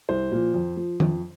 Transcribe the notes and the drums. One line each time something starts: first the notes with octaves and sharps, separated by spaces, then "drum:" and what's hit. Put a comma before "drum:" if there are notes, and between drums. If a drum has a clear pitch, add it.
C2 C5
A#2 F3
F2
F3
F2, drum: tom